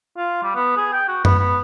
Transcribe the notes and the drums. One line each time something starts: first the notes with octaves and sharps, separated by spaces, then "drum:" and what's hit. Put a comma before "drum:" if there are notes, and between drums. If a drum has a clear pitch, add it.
F4
G3
B3
G#4
G5
F#4
B3, drum: tom F#2
B3